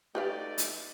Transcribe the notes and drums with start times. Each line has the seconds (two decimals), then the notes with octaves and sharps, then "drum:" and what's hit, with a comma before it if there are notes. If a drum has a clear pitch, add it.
0.15 A3 D#4 G4 B4 D5 F5
0.58 drum: hi-hat